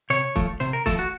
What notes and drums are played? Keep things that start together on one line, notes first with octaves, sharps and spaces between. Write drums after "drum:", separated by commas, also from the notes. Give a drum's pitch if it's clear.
C3 C#5, drum: hi-hat
F3 A3, drum: kick, hi-hat
C3 C5, drum: hi-hat
A#4
F3 A3 A4, drum: kick, open hi-hat
F#4